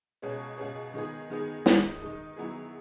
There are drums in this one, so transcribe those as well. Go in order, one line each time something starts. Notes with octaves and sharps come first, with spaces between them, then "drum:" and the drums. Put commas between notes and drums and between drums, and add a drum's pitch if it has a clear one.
C#2 B2 G#3 C#4 G#4
C#2 B2 G#3 C#4 G#4
D#3 G#3 B3 D#4 G#4
D#3 G#3 B3 D#4 G#4
D#3 G#3 D#4, drum: snare
D#3 G#3 D#4
D#3 F#3 B3 E4 G#4